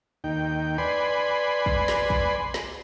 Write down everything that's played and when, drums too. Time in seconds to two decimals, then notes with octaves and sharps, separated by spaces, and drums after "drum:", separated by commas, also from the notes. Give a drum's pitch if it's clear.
0.24 D#2 D#4 G5
0.78 B4 D5 G#5 B5 C6
1.66 drum: kick
1.88 drum: snare
2.10 drum: kick
2.54 drum: snare